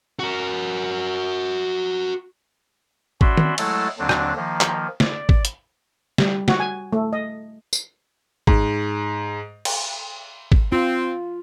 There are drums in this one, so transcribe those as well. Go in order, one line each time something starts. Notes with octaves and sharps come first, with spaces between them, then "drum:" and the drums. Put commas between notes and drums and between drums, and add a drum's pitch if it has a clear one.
F#4 A#4
C#4 F#4 D5 E5 B5 C6, drum: kick
drum: tom D#3
F#3 G#3 A3 E4 A4, drum: cymbal
D#2 D3 F#3 C4 D4
drum: rim click
D#3 F3 A#3
drum: clap
D5, drum: snare
drum: kick
drum: hi-hat
G3, drum: snare
F#4, drum: snare
G#5
A3
D#5
drum: tambourine
G#2, drum: kick
drum: cymbal
drum: kick
C4 F4